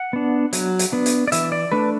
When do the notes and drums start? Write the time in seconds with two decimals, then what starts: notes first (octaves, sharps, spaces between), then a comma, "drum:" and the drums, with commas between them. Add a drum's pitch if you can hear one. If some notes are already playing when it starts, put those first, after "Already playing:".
Already playing: F#5
0.13 B3 D4
0.53 F#3, drum: hi-hat
0.79 drum: hi-hat
0.92 B3 D4
1.06 drum: hi-hat
1.28 D5
1.32 E3 E5, drum: hi-hat
1.52 D5
1.72 A3 D4 B4